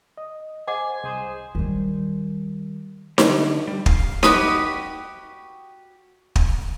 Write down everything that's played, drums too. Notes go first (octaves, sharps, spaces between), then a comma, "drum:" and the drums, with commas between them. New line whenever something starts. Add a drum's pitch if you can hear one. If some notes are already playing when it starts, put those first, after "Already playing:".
D#5
C5 D#5 F#5 G#5 D6
C2 G#4 C5
D#3 G3
D3, drum: snare D#4
G3
F5, drum: kick
F#4 G4 B5 D#6, drum: snare D#4
drum: kick